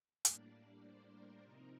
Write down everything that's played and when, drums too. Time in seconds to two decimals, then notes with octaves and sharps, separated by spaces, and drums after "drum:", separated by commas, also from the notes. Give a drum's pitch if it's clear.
0.25 A2 G3 A#3 D4 D5, drum: hi-hat
0.54 D5
0.84 C5
1.14 A#4
1.42 C3 F3 C4 D#4 A#4